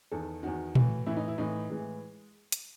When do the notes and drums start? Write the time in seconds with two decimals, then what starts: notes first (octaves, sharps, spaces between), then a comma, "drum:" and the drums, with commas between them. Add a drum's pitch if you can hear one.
0.12 E2 D#3 A4
0.43 E2 D#3 F#4
0.75 A2 E3, drum: tom A#2
1.06 A2 E3 E4
1.17 D#4
1.28 E4
1.38 A2 E3 D#4
1.69 A2 E3 G#3
2.52 drum: hi-hat